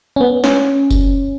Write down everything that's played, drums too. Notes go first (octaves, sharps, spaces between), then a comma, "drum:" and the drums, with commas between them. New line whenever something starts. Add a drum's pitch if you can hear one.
C#4
B3
C#4, drum: snare
drum: kick F#1, tambourine